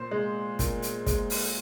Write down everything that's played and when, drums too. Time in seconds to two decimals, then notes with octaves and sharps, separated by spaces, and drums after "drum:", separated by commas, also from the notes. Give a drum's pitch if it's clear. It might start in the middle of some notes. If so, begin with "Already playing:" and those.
Already playing: A#2 C5
0.11 G#3
0.59 A#2, drum: kick, hi-hat
0.82 drum: hi-hat
1.06 G#3, drum: kick, hi-hat
1.30 drum: open hi-hat